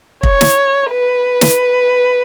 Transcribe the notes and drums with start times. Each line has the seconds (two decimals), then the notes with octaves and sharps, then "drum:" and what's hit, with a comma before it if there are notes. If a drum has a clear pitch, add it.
0.23 C#5, drum: kick
0.41 drum: snare
0.91 B4
1.41 drum: snare